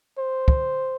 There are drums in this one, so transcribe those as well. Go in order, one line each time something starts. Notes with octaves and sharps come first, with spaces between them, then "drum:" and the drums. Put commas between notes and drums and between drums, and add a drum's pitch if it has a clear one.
C5
drum: kick